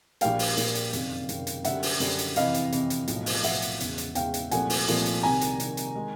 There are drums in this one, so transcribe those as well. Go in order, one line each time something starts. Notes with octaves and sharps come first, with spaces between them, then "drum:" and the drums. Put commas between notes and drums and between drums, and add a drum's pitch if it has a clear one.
A#1 A#2 G3 A#3 F5 G5, drum: hi-hat
drum: open hi-hat
A#1 A#2 G3 A#3, drum: hi-hat
drum: hi-hat
F#1 F2 C3 D#3, drum: hi-hat
F#1 F2 C3 D#3, drum: hi-hat
drum: hi-hat
F#2 D3 G3 E5 F#5, drum: hi-hat
drum: open hi-hat
F#2 D3 G3, drum: hi-hat
drum: hi-hat
F2 C3 E3 D#5 F5, drum: hi-hat
drum: hi-hat
F2 C3 E3, drum: hi-hat
drum: hi-hat
B1 A2 F3, drum: hi-hat
drum: open hi-hat
B1 A2 F3 E5 F#5, drum: hi-hat
drum: hi-hat
E1 E2 C#3, drum: hi-hat
drum: hi-hat
E1 E2 C#3 F5 G5, drum: hi-hat
drum: hi-hat
C2 A#2 F3 A3 F#5 G#5, drum: hi-hat
drum: open hi-hat
C2 A#2 F3 A3, drum: hi-hat
drum: hi-hat
C2 C3 D#3 G#5 A#5
drum: hi-hat
C2 C3 D#3, drum: hi-hat
drum: hi-hat
D#3 G#3